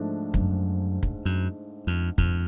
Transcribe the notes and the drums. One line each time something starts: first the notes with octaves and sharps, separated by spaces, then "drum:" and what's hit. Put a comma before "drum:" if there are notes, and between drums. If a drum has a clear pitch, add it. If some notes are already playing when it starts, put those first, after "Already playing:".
Already playing: G#2 F3 A3 D4
F#2, drum: kick
drum: kick
F#2
F2
F2, drum: kick